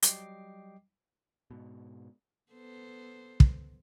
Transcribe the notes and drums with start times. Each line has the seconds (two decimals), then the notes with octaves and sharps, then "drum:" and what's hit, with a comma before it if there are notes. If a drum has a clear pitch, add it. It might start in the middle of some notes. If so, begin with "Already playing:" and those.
0.02 F#3 G3 D#5 G5 D6 C7, drum: hi-hat
1.50 G#2 B2
2.52 B3 A4 C5
3.40 drum: kick